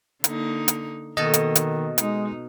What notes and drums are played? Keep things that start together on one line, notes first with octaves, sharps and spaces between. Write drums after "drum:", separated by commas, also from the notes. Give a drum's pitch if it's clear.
D3 A#3 D#4, drum: hi-hat
drum: hi-hat
B2 D#3 A#3 A4 D#5
drum: hi-hat
drum: hi-hat
G#3 D#4, drum: hi-hat